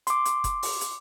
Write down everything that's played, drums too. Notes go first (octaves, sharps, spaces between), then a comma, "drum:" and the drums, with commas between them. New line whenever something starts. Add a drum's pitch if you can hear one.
C6 D6, drum: hi-hat
drum: hi-hat
drum: kick F#1, hi-hat
drum: open hi-hat
drum: hi-hat